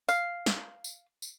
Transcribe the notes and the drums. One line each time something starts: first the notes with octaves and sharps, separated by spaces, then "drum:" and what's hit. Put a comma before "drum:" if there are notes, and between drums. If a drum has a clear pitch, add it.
F5, drum: tambourine
drum: snare
drum: tambourine
drum: tambourine